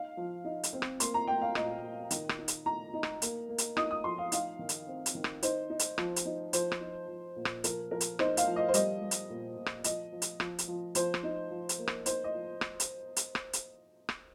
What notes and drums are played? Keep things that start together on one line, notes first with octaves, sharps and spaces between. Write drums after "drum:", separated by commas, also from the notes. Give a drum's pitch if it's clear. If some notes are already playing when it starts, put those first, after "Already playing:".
Already playing: D#4 F5
F3
D#4
drum: hi-hat
C4
drum: rim click
A#3 C6, drum: hi-hat
A#5
A#3 G5
F5
A#2 D#5, drum: rim click
A#3
D#3, drum: hi-hat
drum: rim click
D#4
drum: hi-hat
D#4 A#5
D#4
drum: rim click
A#3, drum: hi-hat
A#3
drum: hi-hat
D#4 D#6, drum: rim click
D#6
F3 C6
F5
D#4 F5, drum: hi-hat
D#3
drum: hi-hat
C4
drum: hi-hat
D#3
drum: rim click
D#4 C5, drum: hi-hat
D#4
drum: hi-hat
F3, drum: rim click
drum: hi-hat
D#4
F3 C5, drum: hi-hat
drum: rim click
D#4
F3
A#2
drum: rim click
F3 A#4, drum: hi-hat
F3 A#4
drum: hi-hat
D#4 C5, drum: rim click
F5, drum: hi-hat
F3
D#5
C5
G3 D#5, drum: hi-hat
G3
drum: hi-hat
A#2
A#2
drum: rim click
F3 D#5, drum: hi-hat
F3
drum: hi-hat
F3, drum: rim click
drum: hi-hat
F3
F3 C5, drum: hi-hat
drum: rim click
D#4
F3
drum: hi-hat
A#3
drum: rim click
D#4 C5, drum: hi-hat
D#5
F3
drum: rim click
drum: hi-hat
drum: hi-hat
drum: rim click
drum: hi-hat
drum: rim click